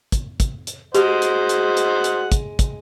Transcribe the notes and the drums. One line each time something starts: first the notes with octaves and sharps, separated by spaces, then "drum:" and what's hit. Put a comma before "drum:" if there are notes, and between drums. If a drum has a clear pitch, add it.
drum: kick, hi-hat
drum: kick, hi-hat
drum: hi-hat
G#3 F#4 G4 C5 D#5 F#5, drum: hi-hat
drum: hi-hat
drum: hi-hat
drum: hi-hat
drum: hi-hat
drum: kick, hi-hat
drum: kick, hi-hat